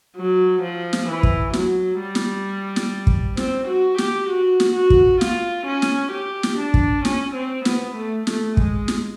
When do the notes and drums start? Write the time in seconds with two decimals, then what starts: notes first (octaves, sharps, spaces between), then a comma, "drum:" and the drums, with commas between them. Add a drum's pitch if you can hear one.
0.17 F#3
0.62 F3
0.93 drum: snare
1.08 E3
1.23 drum: kick
1.53 F#3, drum: snare
2.00 G3
2.15 drum: snare
2.76 drum: snare
3.07 drum: kick
3.37 C4, drum: snare
3.68 F#4
3.98 G4, drum: snare
4.29 F#4
4.60 drum: snare
4.75 F#4
4.90 drum: kick
5.21 F4, drum: snare
5.67 C#4
5.82 drum: snare
6.12 G4
6.43 drum: snare
6.58 D4
6.74 drum: kick
7.05 C#4, drum: snare
7.35 C4
7.65 B3, drum: snare
7.96 A3
8.27 A3, drum: snare
8.57 G#3, drum: kick
8.88 drum: snare